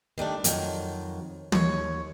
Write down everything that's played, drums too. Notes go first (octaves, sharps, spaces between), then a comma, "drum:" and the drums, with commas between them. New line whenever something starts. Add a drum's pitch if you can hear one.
D#3 G3 A3 D4
F2 D#3 F#3, drum: hi-hat
D#2 C#5, drum: tom